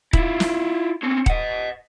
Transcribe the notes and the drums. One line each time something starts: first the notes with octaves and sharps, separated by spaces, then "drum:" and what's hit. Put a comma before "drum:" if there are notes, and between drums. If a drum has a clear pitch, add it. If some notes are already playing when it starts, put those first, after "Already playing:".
E4 F4, drum: kick D#1
drum: snare
C4 C#4
D#5 F#5, drum: kick D#1